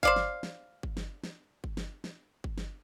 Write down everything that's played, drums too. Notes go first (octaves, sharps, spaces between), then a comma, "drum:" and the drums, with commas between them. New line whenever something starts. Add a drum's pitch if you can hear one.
C5 D5 F5, drum: kick G1
drum: snare
drum: snare
drum: kick G1
drum: snare
drum: snare
drum: kick G1
drum: snare
drum: snare
drum: kick G1
drum: snare